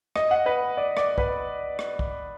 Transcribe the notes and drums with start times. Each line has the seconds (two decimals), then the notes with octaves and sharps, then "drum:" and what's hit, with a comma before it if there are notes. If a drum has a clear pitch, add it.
0.16 D#5, drum: rim click
0.31 F#5
0.46 B4
0.77 D5
0.97 D5, drum: rim click
1.18 B4, drum: kick
1.79 drum: rim click
1.99 drum: kick